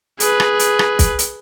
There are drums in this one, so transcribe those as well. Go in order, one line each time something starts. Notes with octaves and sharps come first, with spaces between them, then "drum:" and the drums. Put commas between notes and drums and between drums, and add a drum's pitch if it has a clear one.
G#4 B4, drum: hi-hat
drum: rim click
drum: hi-hat
drum: rim click
drum: kick, hi-hat
drum: hi-hat